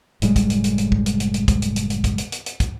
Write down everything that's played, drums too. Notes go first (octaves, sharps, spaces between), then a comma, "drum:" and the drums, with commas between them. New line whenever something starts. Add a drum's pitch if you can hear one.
F#1 A2 G3 G#3, drum: hi-hat
drum: kick, hi-hat
drum: hi-hat
drum: hi-hat
drum: hi-hat
drum: kick
drum: hi-hat
drum: hi-hat
drum: hi-hat
drum: kick, hi-hat
drum: hi-hat
drum: hi-hat
drum: hi-hat
drum: kick, hi-hat
drum: hi-hat
drum: hi-hat
drum: hi-hat
drum: kick, hi-hat